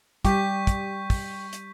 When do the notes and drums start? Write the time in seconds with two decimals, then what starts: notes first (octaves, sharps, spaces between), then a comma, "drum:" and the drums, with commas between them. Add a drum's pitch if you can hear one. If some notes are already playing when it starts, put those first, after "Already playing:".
0.25 G3 G4 C#6 G6 B6, drum: kick, hi-hat
0.67 drum: kick, hi-hat
1.10 drum: kick, open hi-hat
1.53 drum: hi-hat